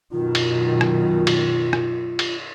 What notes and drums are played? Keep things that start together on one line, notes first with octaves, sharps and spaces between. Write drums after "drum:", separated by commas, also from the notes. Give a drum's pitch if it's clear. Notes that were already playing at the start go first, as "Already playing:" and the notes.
F#2 B2 D#3 F4
drum: cymbal
drum: rim click
drum: cymbal
drum: rim click
drum: cymbal